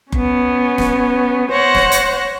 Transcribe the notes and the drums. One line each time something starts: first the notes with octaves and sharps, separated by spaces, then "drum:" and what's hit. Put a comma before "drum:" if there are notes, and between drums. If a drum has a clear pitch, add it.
B3 C#4, drum: kick F#1
drum: snare
C5 C#5 F#5 A#6
drum: snare
drum: hi-hat